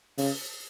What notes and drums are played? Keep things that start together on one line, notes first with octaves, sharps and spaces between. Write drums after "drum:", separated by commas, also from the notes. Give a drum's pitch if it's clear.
C#3, drum: open hi-hat